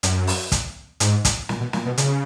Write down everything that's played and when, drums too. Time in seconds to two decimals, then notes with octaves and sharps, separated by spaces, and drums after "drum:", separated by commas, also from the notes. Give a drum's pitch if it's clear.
0.03 F#2, drum: hi-hat
0.27 drum: open hi-hat
0.52 drum: kick, hi-hat
1.00 G#2, drum: hi-hat
1.25 drum: kick, hi-hat
1.49 A#2, drum: snare
1.61 B2
1.73 A#2, drum: snare
1.86 B2
1.98 C#3, drum: hi-hat